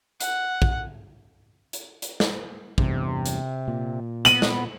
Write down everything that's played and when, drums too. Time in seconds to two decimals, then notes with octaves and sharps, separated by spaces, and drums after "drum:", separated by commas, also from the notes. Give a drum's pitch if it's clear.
0.21 F#5, drum: hi-hat
0.62 drum: kick
1.73 drum: hi-hat
2.02 drum: hi-hat
2.20 drum: snare
2.78 E2 G2 C3, drum: kick
3.26 drum: hi-hat
3.68 A#2
4.25 B3 D#7 F#7, drum: hi-hat
4.42 drum: snare